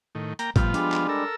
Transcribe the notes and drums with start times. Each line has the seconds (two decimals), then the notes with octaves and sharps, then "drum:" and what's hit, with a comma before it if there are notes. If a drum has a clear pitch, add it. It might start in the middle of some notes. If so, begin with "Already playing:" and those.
0.15 A2 D#3
0.39 A#3 G5 A#5, drum: hi-hat
0.56 A2 F3 G3 B3 F4 G5, drum: kick, hi-hat
0.74 G3 G#3 D4 G4, drum: hi-hat
0.92 drum: clap
1.09 A4 A#4 E6